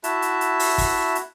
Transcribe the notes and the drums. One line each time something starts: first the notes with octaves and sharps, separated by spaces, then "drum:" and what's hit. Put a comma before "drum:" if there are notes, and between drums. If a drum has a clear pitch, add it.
E4 F#4 E5 A5, drum: hi-hat
drum: hi-hat
drum: hi-hat
drum: open hi-hat
drum: kick, open hi-hat
drum: hi-hat